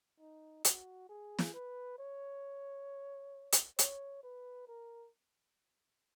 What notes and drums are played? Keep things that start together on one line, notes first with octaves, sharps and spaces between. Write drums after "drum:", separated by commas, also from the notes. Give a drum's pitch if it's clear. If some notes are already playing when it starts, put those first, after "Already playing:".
D#4
F#4, drum: hi-hat
G#4
drum: snare
B4
C#5
drum: hi-hat
C#5, drum: hi-hat
B4
A#4